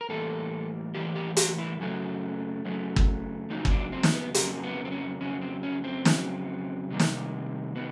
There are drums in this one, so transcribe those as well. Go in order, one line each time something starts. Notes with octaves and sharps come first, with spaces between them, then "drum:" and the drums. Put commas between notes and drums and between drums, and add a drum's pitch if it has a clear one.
A#4
A2 E3 G3 A#3 A4
A2 E3 G3 A#3 G4
G4
F#4, drum: hi-hat
E4
F#2 C#3 F#3 A3
F#2 C#3 F#3 A3
drum: kick
F2 C#3 F#3 A#3 D#4
C#4, drum: kick
D4
C4
drum: snare
B3
F2 C#3 F#3 A#3, drum: hi-hat
B3
C4
C#4
F2 C#3 F#3 C#4
C4
C#4
C4
F2 C#3 F#3, drum: snare
C3 D#3 G3 A#3
drum: snare
C3 D#3 B3